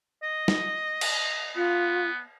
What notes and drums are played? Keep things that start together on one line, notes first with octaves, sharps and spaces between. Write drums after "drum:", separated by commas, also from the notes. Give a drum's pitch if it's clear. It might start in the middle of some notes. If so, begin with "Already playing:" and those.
D#5
drum: snare
drum: cymbal
B3 F4